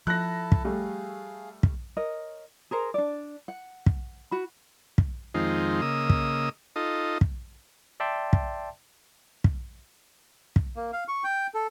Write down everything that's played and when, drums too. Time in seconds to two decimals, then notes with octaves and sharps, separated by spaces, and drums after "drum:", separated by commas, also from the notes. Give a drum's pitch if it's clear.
0.07 F3 E4 A4 A5 F#6 A#6
0.52 drum: kick
0.64 G3 A3 G#4 F5
1.63 drum: kick
1.97 A#4 C#5 D#5
2.71 G#4 A#4 C5 A#5
2.94 D4 D5
3.48 F#5
3.86 drum: kick
4.31 F#4 B5
4.98 drum: kick
5.35 F2 D#3 G#3 C4 D#4 F4
5.82 C#3 A#3 D#5 D#6 E6
6.10 drum: kick
6.76 D#4 F4 A4 D#5
7.21 drum: kick
8.00 D5 E5 G5 A5 C6
8.33 drum: kick
9.44 drum: kick
10.56 drum: kick
10.76 A#3
10.93 F5
11.08 C#6
11.24 G5
11.54 A4